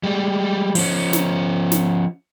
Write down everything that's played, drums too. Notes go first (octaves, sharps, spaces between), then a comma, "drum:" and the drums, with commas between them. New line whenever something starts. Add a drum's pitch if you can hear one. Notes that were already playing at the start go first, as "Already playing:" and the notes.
G3 G#3
F3 C#4, drum: open hi-hat
drum: snare
drum: snare